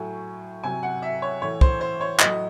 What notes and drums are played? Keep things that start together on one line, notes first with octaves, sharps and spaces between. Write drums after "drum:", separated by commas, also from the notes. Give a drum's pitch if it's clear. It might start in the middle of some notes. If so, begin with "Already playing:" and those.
Already playing: A2 F#3 G#5
C3 F#3 G#5
F#5
E5
C#5
A2 E3 C#5
C5, drum: kick
C5
C#5
A2 F#3 D#5, drum: clap